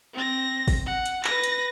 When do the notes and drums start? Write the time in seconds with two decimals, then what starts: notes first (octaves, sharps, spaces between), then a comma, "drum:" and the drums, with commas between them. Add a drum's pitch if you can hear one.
0.14 C4 A#6
0.68 drum: kick, open hi-hat
0.86 F#5
1.06 drum: hi-hat
1.25 B4 A#6, drum: clap
1.44 drum: hi-hat